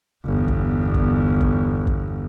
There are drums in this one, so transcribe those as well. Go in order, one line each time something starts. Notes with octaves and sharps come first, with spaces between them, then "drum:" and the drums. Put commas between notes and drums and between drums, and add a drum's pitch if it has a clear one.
G1 E2
drum: kick
drum: kick
drum: kick
drum: kick